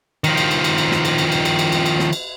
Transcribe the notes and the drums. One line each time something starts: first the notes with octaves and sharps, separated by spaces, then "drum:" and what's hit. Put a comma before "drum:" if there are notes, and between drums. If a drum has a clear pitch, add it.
D#3 F3, drum: cymbal
drum: cymbal
drum: cymbal
drum: cymbal
drum: cymbal
drum: snare
drum: cymbal
drum: cymbal
drum: cymbal
drum: cymbal
drum: cymbal
drum: cymbal
drum: cymbal
drum: snare
drum: cymbal